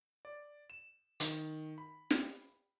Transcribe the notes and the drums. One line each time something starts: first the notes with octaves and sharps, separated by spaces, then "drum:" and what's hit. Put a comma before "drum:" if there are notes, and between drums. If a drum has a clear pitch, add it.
D5
E7
D#3, drum: hi-hat
B5
drum: snare